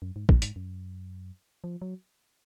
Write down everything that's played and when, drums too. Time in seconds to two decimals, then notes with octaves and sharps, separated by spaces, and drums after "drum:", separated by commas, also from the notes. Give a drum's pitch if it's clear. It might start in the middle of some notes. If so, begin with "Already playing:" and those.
0.02 F#2
0.16 G#2
0.29 A#2, drum: kick
0.42 G#2, drum: hi-hat
0.56 F#2
1.64 F3
1.82 F#3